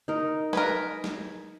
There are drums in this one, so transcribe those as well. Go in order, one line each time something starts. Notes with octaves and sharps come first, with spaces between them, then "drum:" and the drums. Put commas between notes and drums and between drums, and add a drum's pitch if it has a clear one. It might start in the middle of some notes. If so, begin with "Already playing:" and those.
D#4 A#4
A#4 B4 G#5, drum: snare
drum: snare